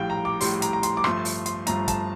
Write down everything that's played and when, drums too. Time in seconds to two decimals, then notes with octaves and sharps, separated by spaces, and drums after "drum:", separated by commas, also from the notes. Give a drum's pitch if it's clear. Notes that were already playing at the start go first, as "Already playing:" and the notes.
Already playing: A#1 A2 G3 F5 G5
0.10 A#5
0.25 D6
0.41 A#1 A2 G3 C6, drum: open hi-hat
0.62 A#5, drum: hi-hat
0.73 A#5
0.83 C6, drum: hi-hat
0.97 D6
1.04 G1 G2 F3 A3 C6, drum: rim click
1.25 drum: open hi-hat
1.46 C6, drum: hi-hat
1.67 G1 G2 F3 A3 A#5, drum: hi-hat
1.88 A5, drum: kick, hi-hat